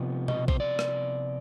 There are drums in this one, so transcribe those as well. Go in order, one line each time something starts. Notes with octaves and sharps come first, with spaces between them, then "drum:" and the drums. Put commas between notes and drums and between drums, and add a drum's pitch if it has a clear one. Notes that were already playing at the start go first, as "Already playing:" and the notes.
Already playing: C3 F3 B3
D#5, drum: tom B2
C5, drum: kick A#1
D5
drum: rim click